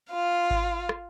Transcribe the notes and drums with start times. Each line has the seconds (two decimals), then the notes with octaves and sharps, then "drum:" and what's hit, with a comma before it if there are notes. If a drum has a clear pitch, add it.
0.11 F4 F5
0.51 drum: kick G#1
0.89 drum: rim click